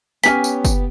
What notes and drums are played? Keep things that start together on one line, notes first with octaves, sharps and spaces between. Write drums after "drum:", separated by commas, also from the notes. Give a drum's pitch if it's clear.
B3 C#4 D#4 G4 G#5 B6, drum: tambourine
drum: tambourine
drum: kick F#1, tambourine